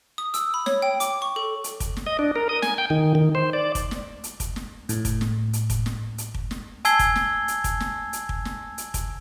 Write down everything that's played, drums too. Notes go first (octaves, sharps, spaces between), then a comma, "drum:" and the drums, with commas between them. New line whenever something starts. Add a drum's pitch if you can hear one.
D#6
E6, drum: hi-hat
B5
C#5, drum: snare
G5
D6, drum: hi-hat
C#6
A4
drum: hi-hat
drum: kick, hi-hat
drum: snare
D#5
D4
A#4
D#6
G#5, drum: snare
G5
D#3
D#3
C5
D5
drum: kick, hi-hat
drum: snare
drum: hi-hat
drum: kick, hi-hat
drum: snare
A2, drum: hi-hat
drum: kick, hi-hat
drum: snare
drum: hi-hat
drum: kick, hi-hat
drum: snare
drum: hi-hat
drum: kick
drum: snare
G#5 A5 E6 G#6 C7 G7, drum: hi-hat
drum: kick, hi-hat
drum: snare
drum: hi-hat
drum: kick, hi-hat
drum: snare
drum: hi-hat
drum: kick
drum: snare
drum: hi-hat
drum: kick, hi-hat